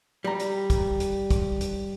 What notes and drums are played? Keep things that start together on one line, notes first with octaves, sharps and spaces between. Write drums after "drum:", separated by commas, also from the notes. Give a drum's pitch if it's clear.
G3 A#5
drum: hi-hat
drum: kick, hi-hat
drum: hi-hat
drum: kick, hi-hat
drum: hi-hat